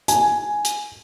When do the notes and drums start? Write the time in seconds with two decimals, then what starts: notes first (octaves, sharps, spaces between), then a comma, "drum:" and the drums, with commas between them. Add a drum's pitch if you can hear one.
0.08 G#5, drum: hi-hat
0.65 drum: hi-hat